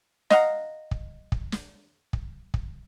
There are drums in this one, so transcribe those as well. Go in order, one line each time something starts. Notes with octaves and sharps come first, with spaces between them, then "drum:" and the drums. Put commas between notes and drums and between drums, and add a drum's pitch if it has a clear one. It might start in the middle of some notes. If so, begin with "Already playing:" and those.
D#5 F5 F#5 A#5, drum: snare
drum: kick
drum: kick
drum: snare
drum: kick
drum: kick